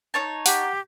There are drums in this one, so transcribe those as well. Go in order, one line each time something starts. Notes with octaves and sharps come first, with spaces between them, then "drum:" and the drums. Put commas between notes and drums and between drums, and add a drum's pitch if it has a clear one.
D#4 C#5 A5
G4 F#5, drum: open hi-hat